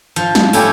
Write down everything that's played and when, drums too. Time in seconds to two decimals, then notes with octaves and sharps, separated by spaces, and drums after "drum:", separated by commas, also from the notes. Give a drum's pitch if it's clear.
0.16 F3, drum: hi-hat
0.35 drum: snare
0.53 A3 C#4 E4 G4, drum: open hi-hat